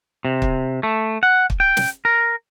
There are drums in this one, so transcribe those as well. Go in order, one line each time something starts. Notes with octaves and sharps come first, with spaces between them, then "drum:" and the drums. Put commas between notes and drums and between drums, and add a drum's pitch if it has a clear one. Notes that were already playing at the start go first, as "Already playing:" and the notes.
C3
drum: kick
A3
F#5
drum: kick
G5
drum: snare
A#4